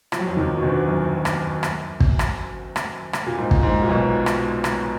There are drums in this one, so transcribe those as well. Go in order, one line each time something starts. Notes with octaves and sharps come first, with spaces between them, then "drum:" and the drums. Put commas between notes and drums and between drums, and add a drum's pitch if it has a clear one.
F3, drum: rim click
F#3
F2 F3
D#2 D#3
B2
D2 D3
F#2
drum: rim click
drum: rim click
drum: kick
drum: rim click
drum: rim click
drum: rim click
A#2
G#2
drum: kick
G#2
A#2
B1 B2
drum: rim click
drum: rim click